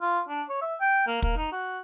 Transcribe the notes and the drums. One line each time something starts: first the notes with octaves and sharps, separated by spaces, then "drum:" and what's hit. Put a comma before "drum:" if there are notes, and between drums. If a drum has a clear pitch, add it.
F4
D4
C#5
E5
G5
A#3
A#3, drum: kick
D#4
F#4